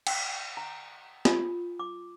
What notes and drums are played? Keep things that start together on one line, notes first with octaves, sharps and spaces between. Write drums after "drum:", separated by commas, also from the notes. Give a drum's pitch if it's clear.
G5, drum: cymbal
A#5
F4, drum: snare
D6